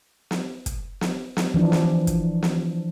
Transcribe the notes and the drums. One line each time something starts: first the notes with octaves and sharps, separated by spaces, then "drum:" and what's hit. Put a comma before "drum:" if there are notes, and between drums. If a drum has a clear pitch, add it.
drum: snare
drum: kick, hi-hat
drum: snare
drum: snare
E3 F3 D4
drum: snare
drum: kick, hi-hat
drum: snare